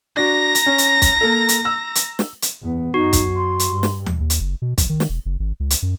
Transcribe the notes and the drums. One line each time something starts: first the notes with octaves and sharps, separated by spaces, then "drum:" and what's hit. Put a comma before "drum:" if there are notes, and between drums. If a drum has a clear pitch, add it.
D4 F#4 A#5 A#6
drum: hi-hat
C#4
drum: hi-hat
drum: kick, hi-hat
A#3 A4
drum: hi-hat
E6
drum: hi-hat
drum: snare
drum: hi-hat
E2 B3
F#2 D#4 F#4
drum: kick, hi-hat
C6
drum: hi-hat
G2
drum: snare
drum: tom D#2
D#2
drum: hi-hat
F#1
B2
A#1, drum: kick, hi-hat
D#3
drum: snare
E1
F#1
G#1
C#2
drum: hi-hat
F#2